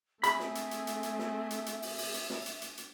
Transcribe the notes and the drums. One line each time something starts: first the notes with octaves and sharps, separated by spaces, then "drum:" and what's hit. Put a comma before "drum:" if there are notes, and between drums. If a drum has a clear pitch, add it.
A3 C4 G#4 E5 B5, drum: hi-hat
drum: snare
drum: hi-hat
drum: hi-hat
drum: hi-hat
drum: hi-hat
drum: snare
drum: hi-hat
drum: hi-hat
drum: open hi-hat
drum: open hi-hat
drum: hi-hat
drum: snare
drum: hi-hat
drum: hi-hat
drum: hi-hat